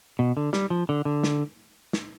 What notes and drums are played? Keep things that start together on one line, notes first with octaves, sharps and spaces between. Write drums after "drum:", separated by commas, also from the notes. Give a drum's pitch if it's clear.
B2
D3
G3, drum: snare
F3
D3
D3
drum: snare
drum: snare